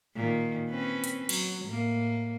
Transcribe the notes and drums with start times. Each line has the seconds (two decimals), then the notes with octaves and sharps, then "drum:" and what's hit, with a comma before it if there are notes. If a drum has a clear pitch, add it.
0.15 A#2 D#3
0.68 C4 C#4 B4
1.04 drum: hi-hat
1.29 F#3, drum: cymbal
1.65 A2 A#3